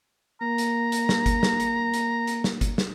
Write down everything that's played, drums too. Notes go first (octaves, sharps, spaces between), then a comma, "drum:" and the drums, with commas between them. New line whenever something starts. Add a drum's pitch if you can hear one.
A#3 A#5
drum: hi-hat
drum: hi-hat
drum: snare
drum: kick G1, hi-hat
drum: snare
drum: hi-hat
drum: hi-hat
drum: hi-hat
drum: snare
drum: kick G1, hi-hat
drum: snare